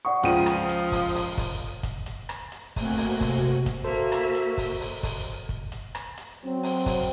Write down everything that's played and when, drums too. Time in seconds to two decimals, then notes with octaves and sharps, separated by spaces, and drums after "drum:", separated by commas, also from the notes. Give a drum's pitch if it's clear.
0.05 D5 F#5 C#6 D#6
0.23 C#2 F3 F4 G5 D#6 D#7, drum: hi-hat
0.46 drum: rim click
0.69 drum: hi-hat
0.92 drum: kick, open hi-hat
1.15 drum: open hi-hat
1.38 drum: kick, open hi-hat
1.83 drum: kick, hi-hat
2.06 drum: hi-hat
2.29 drum: rim click
2.52 drum: hi-hat
2.76 A3 A#3 C4 F#4 G#5 F#6, drum: kick, open hi-hat
2.98 drum: open hi-hat
3.21 C3 F#4, drum: kick, open hi-hat
3.66 drum: kick, hi-hat
3.84 A#3 F#4 A4 C5 E5
4.12 drum: rim click
4.35 drum: hi-hat
4.58 drum: kick, open hi-hat
4.80 drum: open hi-hat
5.03 drum: kick, open hi-hat
5.49 drum: kick
5.72 drum: hi-hat
5.95 drum: rim click
6.18 drum: hi-hat
6.44 F#3 C4
6.63 drum: open hi-hat
6.86 drum: kick, open hi-hat